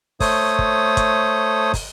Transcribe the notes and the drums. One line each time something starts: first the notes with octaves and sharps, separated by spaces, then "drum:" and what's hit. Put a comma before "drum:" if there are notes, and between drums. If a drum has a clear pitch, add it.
A3 A4 C5 C#5 D#6, drum: kick, open hi-hat
drum: kick
drum: kick, hi-hat
drum: kick, open hi-hat